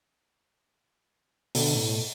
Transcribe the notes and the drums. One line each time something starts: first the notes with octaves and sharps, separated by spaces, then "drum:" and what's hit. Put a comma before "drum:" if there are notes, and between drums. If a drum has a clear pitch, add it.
B2 D3 A4, drum: open hi-hat
A2